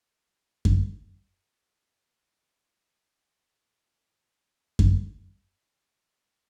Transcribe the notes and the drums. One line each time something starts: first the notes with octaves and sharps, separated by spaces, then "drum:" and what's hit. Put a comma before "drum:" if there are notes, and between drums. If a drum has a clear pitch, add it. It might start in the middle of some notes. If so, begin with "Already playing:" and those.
Already playing: E1 D2 C3 E3
drum: kick F#2
G1 F2 C3 F3 A#3
F2 C#3 F3 A#3
D#2 C#3 E3 G3
G1 F2 C#3 F#3 A3
drum: kick F#2
F2 C#3 F3 G#3
G1 F#2 C#3